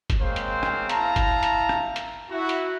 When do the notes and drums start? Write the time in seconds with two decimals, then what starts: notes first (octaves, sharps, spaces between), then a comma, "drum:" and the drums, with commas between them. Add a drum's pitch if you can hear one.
0.10 drum: kick, hi-hat
0.20 G#3 A#3 C4 C5 C#5 F5
0.36 drum: hi-hat
0.63 drum: rim click
0.89 E4 F5 A5 A#5, drum: hi-hat
1.16 drum: kick, hi-hat
1.43 drum: hi-hat
1.69 drum: rim click
1.96 drum: hi-hat
2.30 E4 F#4
2.49 drum: hi-hat